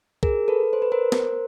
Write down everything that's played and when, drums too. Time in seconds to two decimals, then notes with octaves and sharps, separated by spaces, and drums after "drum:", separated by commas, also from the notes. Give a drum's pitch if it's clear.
0.23 G#4 A#4, drum: kick C2
0.48 A4 B4
0.73 C5
0.82 B4
0.92 A#4 C5
1.12 drum: snare